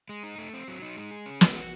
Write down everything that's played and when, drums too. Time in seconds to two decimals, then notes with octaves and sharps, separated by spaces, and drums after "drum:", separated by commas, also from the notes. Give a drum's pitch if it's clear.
0.09 G#3
0.24 D#4
0.38 A3
0.53 C4
0.68 F#3
0.82 D#4
0.96 G#3
1.11 G#4
1.26 C#4
1.41 G#3, drum: snare
1.55 F#4